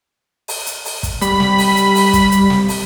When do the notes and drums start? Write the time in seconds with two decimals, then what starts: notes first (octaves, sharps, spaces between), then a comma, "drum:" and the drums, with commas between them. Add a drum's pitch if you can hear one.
0.48 drum: open hi-hat
0.66 drum: hi-hat
0.85 drum: open hi-hat
1.03 drum: kick, hi-hat
1.22 G3 B5, drum: hi-hat
1.40 drum: snare
1.58 drum: open hi-hat
1.77 drum: hi-hat
1.95 drum: open hi-hat
2.13 drum: kick, hi-hat
2.32 drum: hi-hat
2.50 drum: snare
2.68 drum: open hi-hat